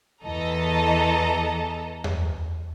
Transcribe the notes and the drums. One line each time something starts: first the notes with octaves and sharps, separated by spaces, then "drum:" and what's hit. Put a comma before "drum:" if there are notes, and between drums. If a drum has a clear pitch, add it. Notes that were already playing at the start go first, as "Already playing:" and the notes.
E2 E3 A4 D#5 A5 A#5
drum: tom E2